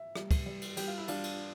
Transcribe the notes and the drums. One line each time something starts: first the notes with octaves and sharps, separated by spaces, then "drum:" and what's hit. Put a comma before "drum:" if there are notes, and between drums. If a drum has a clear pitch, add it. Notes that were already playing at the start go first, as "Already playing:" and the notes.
Already playing: E5
G3, drum: rim click
drum: kick, cymbal
G3
drum: cymbal
G3 G4, drum: cymbal
F4
E4
G3 D4 F4, drum: cymbal
drum: cymbal